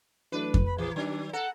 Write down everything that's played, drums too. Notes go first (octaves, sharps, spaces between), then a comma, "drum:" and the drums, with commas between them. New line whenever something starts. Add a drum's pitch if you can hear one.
E3 F#3 A3 D4 B4
drum: kick F2
B5
A#1 E3 G#4
D#3 F#3 D4 D#4
A4 F#5 A#5